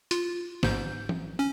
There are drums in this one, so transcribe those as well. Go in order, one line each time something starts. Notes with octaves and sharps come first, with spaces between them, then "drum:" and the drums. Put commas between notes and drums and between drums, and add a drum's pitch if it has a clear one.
F4, drum: hi-hat
A1 G#2 G6, drum: snare
drum: tom E3
C#4